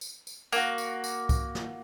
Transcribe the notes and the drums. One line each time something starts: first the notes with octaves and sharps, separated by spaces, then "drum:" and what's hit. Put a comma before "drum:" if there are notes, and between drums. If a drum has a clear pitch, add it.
drum: tambourine
drum: tambourine
A#3 F#4, drum: tambourine
drum: tambourine
drum: tambourine
drum: kick C2, tambourine
drum: snare